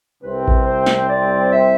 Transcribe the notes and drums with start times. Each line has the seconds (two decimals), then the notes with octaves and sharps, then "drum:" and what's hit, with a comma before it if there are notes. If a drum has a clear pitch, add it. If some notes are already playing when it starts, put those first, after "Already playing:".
0.23 C2 C3 G3 C4 B4
0.48 drum: kick A1
0.66 C5
0.86 drum: snare
1.09 D5
1.52 E5